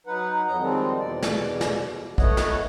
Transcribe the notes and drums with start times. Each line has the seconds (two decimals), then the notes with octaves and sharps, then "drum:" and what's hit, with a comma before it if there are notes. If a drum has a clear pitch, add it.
0.07 F#3 D#4 B4 F#5
0.47 F2 F#3 D#5 A#5
0.59 D#3 F3 G3 G#3 C4
0.99 E2 B2 D5
1.23 drum: snare
1.61 drum: snare
2.18 A3 B3 C#5 D#5 F#5, drum: kick
2.37 drum: snare